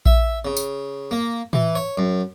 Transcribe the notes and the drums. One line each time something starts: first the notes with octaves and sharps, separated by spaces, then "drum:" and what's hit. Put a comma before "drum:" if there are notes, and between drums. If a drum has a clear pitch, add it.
E5, drum: kick A#1
C#3
drum: tambourine
A#3
E3, drum: tom A2
C#5
F#2